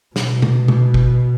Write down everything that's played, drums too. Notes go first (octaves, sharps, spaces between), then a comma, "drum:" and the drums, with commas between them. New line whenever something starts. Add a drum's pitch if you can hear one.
B2, drum: snare
drum: tom C3
drum: tom C3
drum: kick G1